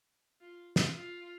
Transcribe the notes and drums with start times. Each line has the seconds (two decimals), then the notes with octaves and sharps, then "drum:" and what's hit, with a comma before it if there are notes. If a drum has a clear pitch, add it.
0.40 F4
0.76 drum: snare
0.93 F4